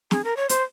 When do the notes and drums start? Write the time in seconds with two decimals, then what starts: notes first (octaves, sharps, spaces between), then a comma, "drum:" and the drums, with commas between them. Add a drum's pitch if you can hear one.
0.11 G#4, drum: snare
0.24 A#4
0.37 C#5
0.49 C5, drum: hi-hat